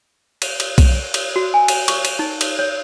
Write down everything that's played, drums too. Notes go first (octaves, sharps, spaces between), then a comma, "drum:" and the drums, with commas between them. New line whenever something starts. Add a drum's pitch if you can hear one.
drum: cymbal
drum: cymbal
drum: kick B1, cymbal
drum: cymbal
F#4
G#5
drum: cymbal
C#6, drum: cymbal
drum: cymbal
D#4
drum: cymbal
C#5